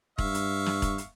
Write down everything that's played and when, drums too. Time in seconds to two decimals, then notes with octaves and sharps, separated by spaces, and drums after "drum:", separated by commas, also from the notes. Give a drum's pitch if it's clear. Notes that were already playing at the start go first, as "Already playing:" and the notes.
0.19 G2 E5 F5 C#6, drum: kick E1
0.34 drum: hi-hat
0.66 drum: snare
0.82 drum: kick E1, hi-hat
0.98 drum: hi-hat